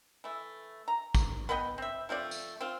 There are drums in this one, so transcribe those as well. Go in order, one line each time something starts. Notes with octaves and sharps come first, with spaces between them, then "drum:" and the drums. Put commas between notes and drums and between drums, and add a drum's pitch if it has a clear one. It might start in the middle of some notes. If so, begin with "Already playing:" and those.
E3 A3
A#5
drum: kick A1, tambourine
B3 B4 D#5 G5
C4 E5
F3 A3 C4 D5
drum: tambourine
C4 F4